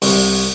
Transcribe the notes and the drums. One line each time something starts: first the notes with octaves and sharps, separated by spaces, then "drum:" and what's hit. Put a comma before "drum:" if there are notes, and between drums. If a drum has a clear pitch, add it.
C2, drum: open hi-hat